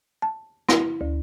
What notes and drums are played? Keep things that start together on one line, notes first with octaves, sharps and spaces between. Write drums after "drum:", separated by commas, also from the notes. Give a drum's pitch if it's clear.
A5
E4, drum: rim click
D2